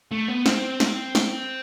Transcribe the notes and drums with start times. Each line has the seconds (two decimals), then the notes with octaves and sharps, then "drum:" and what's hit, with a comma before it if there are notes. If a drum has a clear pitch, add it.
0.11 A3
0.28 B3
0.46 C4, drum: snare
0.80 drum: snare
1.15 drum: snare